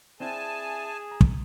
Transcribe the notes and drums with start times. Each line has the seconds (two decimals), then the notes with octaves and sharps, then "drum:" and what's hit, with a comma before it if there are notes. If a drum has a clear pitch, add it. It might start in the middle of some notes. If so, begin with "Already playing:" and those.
0.20 C4 D4 E4 G#4 G#5 A5
1.11 A#5
1.21 drum: kick